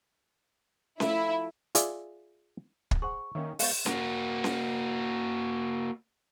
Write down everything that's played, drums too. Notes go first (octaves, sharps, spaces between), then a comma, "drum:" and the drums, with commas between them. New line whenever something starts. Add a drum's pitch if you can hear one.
F3 A3 E4, drum: snare C#4
F4 G#4 D5 E5, drum: hi-hat
drum: kick
G#4 C5 F#5 C#6
D#3 A#3 C#4 C#5 E5
G#3 B3 F5 C#6 G6 A6, drum: open hi-hat
A#3 F#4, drum: snare C#4
drum: snare C#4